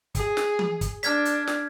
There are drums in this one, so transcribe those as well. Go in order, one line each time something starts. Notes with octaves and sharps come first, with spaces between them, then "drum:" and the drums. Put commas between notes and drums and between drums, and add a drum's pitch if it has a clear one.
G#4, drum: kick, hi-hat
drum: snare
drum: tom E3
drum: kick, hi-hat
D4 F6 G#6 B6, drum: hi-hat
drum: hi-hat
drum: snare